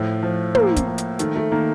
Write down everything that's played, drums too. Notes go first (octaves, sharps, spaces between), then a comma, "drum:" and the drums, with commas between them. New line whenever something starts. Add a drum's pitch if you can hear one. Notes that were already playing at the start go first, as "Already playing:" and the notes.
Already playing: A2 F3 A3
F3
F3 A#3, drum: tom
drum: kick, hi-hat
F3
drum: hi-hat
D#3 A3, drum: hi-hat
A3
D#3 A#3